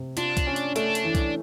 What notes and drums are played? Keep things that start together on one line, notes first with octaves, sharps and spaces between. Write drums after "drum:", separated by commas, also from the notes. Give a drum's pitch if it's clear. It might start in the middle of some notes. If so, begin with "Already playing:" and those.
Already playing: C3
D4 F4, drum: hi-hat
drum: kick C2, hi-hat
C#4
drum: hi-hat
A3 D4, drum: hi-hat
drum: hi-hat
E3
drum: kick C2, hi-hat